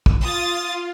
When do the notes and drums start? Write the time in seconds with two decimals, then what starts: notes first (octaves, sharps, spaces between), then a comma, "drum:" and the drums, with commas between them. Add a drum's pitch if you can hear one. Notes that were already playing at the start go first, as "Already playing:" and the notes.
0.06 drum: kick
0.23 F4 D#6 A6